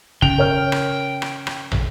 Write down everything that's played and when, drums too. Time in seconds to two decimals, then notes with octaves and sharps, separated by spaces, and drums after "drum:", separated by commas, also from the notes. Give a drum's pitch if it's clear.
0.22 C#3 G5 F7, drum: kick
0.38 A#4 C#5 F6
0.72 drum: rim click
1.22 drum: rim click
1.47 drum: rim click
1.72 drum: tom